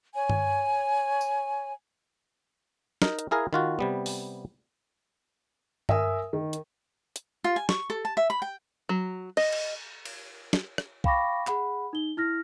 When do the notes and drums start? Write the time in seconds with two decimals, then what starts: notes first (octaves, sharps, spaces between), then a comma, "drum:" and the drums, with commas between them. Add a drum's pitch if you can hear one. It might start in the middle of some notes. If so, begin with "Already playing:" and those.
0.14 C#5 G#5
0.29 drum: tom G2
1.21 drum: tambourine
3.02 D#4 A#4, drum: snare
3.19 drum: hi-hat
3.31 E4 G#4 A#4 F5 G#5
3.53 D#3 F4 F#4
3.79 C3 G3 B3
4.06 drum: open hi-hat
5.89 A#4 E5 G#5 D#6 E6, drum: tom G2
6.33 D#3
6.53 drum: hi-hat
7.16 drum: hi-hat
7.44 F4
7.56 G#5
7.69 C#6, drum: snare
7.90 A4
8.05 A5
8.17 E5
8.30 B5
8.42 G5
8.89 F#3
9.37 D#5, drum: cymbal
9.52 drum: cymbal
10.05 drum: cymbal
10.53 drum: snare
10.78 drum: rim click
11.04 F5 G5 B5 C#6 D6 A#6, drum: kick
11.47 G#4 F#5 B5, drum: clap
11.93 D#4 G7
12.17 E4 F6 A#6